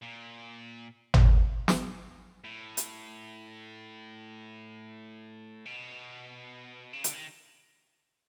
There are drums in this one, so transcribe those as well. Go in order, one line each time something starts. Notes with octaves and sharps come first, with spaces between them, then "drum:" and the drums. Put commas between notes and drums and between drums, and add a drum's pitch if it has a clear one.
A#2
drum: tom G#1
drum: snare
A2
drum: hi-hat
B2
C#3
D3, drum: hi-hat
D#3